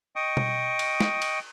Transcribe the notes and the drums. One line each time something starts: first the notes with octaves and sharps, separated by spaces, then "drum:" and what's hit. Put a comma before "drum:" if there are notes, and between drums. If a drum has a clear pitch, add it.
D#5 G5 C#6 D#6
drum: tom B2
drum: cymbal
drum: snare
drum: cymbal